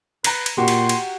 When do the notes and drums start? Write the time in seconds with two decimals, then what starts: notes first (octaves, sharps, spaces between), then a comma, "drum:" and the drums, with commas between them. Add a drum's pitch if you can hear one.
0.24 B4 A#5 A#6, drum: cymbal
0.46 drum: cymbal
0.57 A#2 F#4 G4 C6
0.68 drum: cymbal
0.89 drum: cymbal